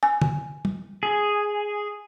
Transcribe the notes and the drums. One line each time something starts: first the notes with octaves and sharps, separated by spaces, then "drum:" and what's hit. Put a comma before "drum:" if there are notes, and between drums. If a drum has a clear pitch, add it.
G#5
drum: tom
drum: tom
G#4